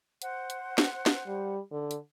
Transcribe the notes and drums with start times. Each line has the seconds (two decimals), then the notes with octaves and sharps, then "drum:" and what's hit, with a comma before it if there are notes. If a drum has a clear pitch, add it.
0.22 C5 F#5, drum: hi-hat
0.50 drum: hi-hat
0.78 drum: snare
1.06 drum: snare
1.27 G3
1.71 D3
1.91 drum: hi-hat